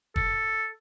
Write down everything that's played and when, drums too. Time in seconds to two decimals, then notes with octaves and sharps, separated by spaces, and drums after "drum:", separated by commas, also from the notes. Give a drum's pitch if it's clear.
0.16 A4, drum: kick